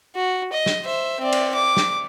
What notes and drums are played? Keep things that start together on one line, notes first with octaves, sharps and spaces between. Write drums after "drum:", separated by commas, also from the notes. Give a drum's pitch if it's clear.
F#4
D#5
drum: snare
C5 E5
C4 D5
drum: cymbal
D6
drum: snare